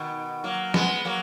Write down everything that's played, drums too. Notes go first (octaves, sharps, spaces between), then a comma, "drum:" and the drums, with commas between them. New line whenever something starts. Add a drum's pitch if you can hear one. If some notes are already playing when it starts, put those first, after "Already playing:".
Already playing: B2 D#3
F#3 A#3
G#3 B3, drum: snare
F#3 A#3